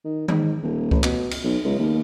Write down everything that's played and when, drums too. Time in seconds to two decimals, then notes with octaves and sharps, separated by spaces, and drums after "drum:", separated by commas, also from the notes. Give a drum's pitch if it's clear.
0.04 D#3
0.28 G#2, drum: tom D#3
0.63 D#1
0.91 A1, drum: kick C#2
1.04 B2, drum: clap
1.31 drum: cymbal
1.44 B1
1.65 C#2
1.78 D#2